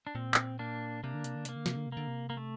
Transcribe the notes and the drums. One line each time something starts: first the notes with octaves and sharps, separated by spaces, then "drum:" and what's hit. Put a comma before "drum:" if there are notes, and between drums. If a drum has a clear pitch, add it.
D4
A#2 C4
drum: clap
A#3 D4
C3 A#3 D4
D3
C3, drum: hi-hat
D3
C3 A#3, drum: hi-hat
D3
C3, drum: snare
D3
C3
D3 A#3
C3
A#3
A3